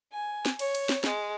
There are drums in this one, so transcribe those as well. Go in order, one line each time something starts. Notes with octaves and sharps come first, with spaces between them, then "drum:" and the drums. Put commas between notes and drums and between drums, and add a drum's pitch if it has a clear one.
G#5
drum: snare
C#5, drum: cymbal
drum: cymbal
drum: snare
G#3, drum: snare